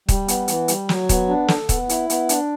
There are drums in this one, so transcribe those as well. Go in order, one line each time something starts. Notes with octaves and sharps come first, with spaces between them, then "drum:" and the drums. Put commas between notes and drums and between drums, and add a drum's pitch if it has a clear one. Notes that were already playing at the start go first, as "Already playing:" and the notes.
G3, drum: kick, hi-hat
B3, drum: hi-hat
E3, drum: hi-hat
G3, drum: hi-hat
F#3, drum: snare
B3, drum: kick, hi-hat
D4
A4, drum: snare
B3, drum: kick, hi-hat
E4, drum: hi-hat
B3, drum: hi-hat
D4, drum: hi-hat